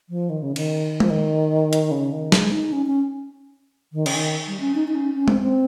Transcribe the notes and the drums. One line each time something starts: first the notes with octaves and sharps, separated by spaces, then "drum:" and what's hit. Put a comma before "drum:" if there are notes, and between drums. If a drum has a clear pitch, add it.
F3
D#3
C#3
D#3, drum: cymbal
F3, drum: tom G#3
D#3
drum: hi-hat
C#3
D#3
G#3, drum: snare
D#4
C#4
C#4
D#3
C#3, drum: cymbal
D#3
G3
C#4
D#4
D#4
C#4
C#4
C4, drum: tom G#3
C4